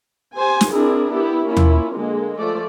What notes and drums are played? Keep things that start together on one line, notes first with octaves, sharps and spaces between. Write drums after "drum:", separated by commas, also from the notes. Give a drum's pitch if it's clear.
G4 C5 G#5
drum: snare
C4 D4 E4 G#4 A#4
B3 E4 G4
A#3 C#4 E4 F4
drum: tom D#2
D3 G#3 A#3
F3 A3 D5